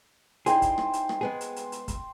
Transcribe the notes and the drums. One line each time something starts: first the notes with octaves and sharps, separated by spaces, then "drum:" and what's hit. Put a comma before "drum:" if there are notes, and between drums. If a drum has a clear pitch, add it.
D#4 E4 G#4 C5 G5, drum: hi-hat
drum: kick, hi-hat
drum: rim click
drum: hi-hat
drum: rim click
G#3 B3 G#4
drum: hi-hat
drum: hi-hat
drum: hi-hat
drum: kick, hi-hat